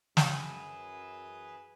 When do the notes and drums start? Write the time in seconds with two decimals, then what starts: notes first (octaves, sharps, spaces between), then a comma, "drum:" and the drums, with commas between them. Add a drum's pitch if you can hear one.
0.17 F#2 E4 G#4 B4, drum: snare